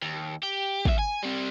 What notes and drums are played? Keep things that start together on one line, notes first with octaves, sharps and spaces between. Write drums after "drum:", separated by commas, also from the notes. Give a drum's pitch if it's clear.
D#2
G4
E2 E5, drum: kick
G#5
G3 C4